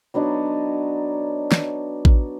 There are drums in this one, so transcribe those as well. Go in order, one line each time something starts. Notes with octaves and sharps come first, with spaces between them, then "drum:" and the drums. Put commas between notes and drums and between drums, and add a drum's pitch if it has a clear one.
F#3 B3 D4 D#4
drum: snare
drum: kick A1